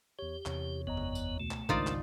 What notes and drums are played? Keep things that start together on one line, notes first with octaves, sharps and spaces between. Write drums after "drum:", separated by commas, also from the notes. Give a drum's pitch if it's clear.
E2 G4 C#5
E2 C3 C#5, drum: clap
G1 F#2 B3 C#5 D#5 A#5
drum: tom C3
drum: tambourine
C#2 B2 A3
drum: clap
G#1 C#2 D4 D#4 F4 A#4 C5 D5, drum: kick
drum: clap